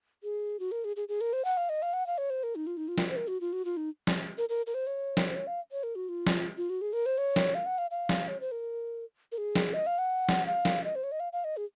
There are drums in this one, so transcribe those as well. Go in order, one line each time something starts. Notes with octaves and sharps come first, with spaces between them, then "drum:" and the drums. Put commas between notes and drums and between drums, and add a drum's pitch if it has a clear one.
G#4
F#4
A#4
G#4
G#4
G#4
A#4
C5
F#5
F5
D#5
F5
F#5
F5
C#5
C5
A#4
D#4
F4
D#4
F4
drum: snare
C5
A#4
F#4
F4
F#4
F4
D#4
drum: snare
A#4
A#4
A#4
C5
C#5
drum: snare
C5
C#5
F5
C#5
A#4
F#4
F4
drum: snare
F4
F#4
G#4
A#4
C5
C#5
drum: snare
F5
F#5
F5
F5
drum: snare
C#5
C5
A#4
A#4
G#4
drum: snare
D#5
F5
F#5
drum: snare
F5
drum: snare
D#5
C5
C#5
D#5
F5
F5
D#5
G#4